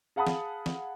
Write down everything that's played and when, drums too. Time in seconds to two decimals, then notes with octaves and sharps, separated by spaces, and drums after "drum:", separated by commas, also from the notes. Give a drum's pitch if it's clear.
0.16 G#4 F5 F#5 A5 B5 D#6
0.27 drum: snare
0.66 drum: snare